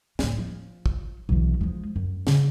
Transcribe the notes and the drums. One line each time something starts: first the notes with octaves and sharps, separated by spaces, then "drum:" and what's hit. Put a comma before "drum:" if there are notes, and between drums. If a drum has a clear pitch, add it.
A2 A#3, drum: snare
F3
drum: kick
B1 E3
F3 G#3
F#2
C#3, drum: snare